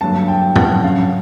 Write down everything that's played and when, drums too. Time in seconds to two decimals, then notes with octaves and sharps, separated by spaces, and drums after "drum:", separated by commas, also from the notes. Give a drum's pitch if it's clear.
0.01 G2 D3 F#3 A#3 A5
0.28 G5
0.56 F#5, drum: tom A2
0.83 F#2 C#3 F#3 F5